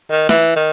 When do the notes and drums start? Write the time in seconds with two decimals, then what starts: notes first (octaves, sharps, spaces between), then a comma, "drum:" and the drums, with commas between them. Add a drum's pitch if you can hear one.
0.11 D#3
0.29 E3, drum: snare
0.56 D#3